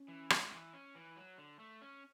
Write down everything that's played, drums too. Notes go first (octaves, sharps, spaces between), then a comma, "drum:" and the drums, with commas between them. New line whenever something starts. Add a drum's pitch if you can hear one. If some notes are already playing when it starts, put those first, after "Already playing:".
Already playing: C#4
E3
G#3, drum: rim click
E3
C#4
E3
F#3
D3
A3
C#4